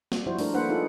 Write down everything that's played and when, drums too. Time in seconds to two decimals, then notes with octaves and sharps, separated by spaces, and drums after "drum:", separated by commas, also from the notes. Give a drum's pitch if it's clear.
0.12 G3, drum: snare
0.26 F3 G3 E4 F#4 C5
0.39 A3 D4 A#4, drum: open hi-hat
0.54 A#3 D4 A4 B4 C5 F#5
0.69 B3 D#4 F4 G#4 A4